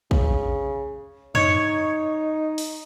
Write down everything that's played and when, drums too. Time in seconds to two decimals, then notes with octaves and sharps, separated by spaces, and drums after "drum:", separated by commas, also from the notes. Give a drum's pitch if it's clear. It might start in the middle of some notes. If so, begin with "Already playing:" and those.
0.11 C#3, drum: kick
1.35 D#4 C#5, drum: tom
2.58 drum: open hi-hat